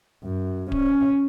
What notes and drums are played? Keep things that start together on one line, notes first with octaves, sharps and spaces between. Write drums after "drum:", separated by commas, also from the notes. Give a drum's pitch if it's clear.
F#2
C#4, drum: kick D1